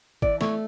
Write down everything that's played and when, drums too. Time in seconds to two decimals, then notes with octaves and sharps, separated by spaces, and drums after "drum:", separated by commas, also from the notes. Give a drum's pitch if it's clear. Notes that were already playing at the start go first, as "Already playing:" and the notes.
0.22 E3 D5, drum: kick G#1
0.41 A3 C#5, drum: snare